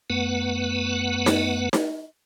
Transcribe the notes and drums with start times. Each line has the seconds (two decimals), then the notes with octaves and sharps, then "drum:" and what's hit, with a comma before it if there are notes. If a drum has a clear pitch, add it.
0.10 F#2 A3 B3 B4 F#5
1.26 drum: snare D#4
1.73 drum: snare D#4